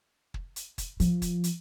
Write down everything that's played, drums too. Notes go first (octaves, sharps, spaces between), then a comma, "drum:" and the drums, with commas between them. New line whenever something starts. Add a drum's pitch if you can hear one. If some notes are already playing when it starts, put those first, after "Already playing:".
drum: kick
drum: hi-hat
drum: kick, hi-hat
F3, drum: hi-hat
drum: kick, hi-hat
drum: hi-hat